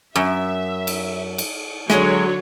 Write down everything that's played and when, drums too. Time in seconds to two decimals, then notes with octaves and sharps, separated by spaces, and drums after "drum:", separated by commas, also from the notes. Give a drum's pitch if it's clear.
0.16 F#2 E5
0.87 drum: cymbal
1.38 drum: cymbal
1.90 D3 F#3 G#3 C#5, drum: snare